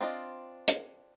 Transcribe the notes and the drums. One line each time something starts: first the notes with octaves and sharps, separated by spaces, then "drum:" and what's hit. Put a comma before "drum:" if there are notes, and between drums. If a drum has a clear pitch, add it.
C4 D4 F4 D#5
drum: hi-hat